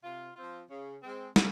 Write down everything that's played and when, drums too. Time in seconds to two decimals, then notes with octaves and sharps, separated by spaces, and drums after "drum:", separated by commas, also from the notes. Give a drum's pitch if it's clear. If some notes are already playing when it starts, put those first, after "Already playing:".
0.03 C3 F4
0.36 F3 C4 F4
0.70 C#3
1.03 G#3 C4
1.36 C#3, drum: snare